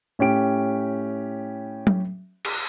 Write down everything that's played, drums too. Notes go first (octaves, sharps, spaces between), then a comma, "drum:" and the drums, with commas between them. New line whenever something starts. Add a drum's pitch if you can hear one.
A2 C#4 G4 D7
drum: tom F#3
drum: cymbal